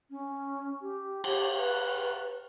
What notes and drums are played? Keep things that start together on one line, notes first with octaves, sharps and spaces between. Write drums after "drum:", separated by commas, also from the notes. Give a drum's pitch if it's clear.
C#4
G4
G4, drum: cymbal
B4